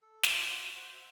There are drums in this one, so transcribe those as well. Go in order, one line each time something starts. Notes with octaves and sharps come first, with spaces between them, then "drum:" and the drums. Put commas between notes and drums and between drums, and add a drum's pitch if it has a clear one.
A4
F4 F#4 C5 D6, drum: snare
F#4
C5 F#5
E5